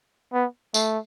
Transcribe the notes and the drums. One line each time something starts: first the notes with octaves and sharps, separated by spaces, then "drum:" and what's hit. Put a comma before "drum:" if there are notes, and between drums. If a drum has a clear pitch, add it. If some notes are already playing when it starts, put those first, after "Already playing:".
B3
A3, drum: tambourine